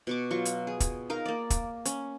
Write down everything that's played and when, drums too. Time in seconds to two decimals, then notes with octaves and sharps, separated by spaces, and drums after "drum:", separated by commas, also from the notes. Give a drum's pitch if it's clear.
0.07 B2 C#6 D6
0.31 F#3 F4 C#6
0.45 drum: hi-hat
0.67 G#4
0.80 drum: kick, hi-hat
1.10 D#4 A#4 F5
1.26 A#3 D5
1.50 drum: kick, hi-hat
1.85 C#4, drum: hi-hat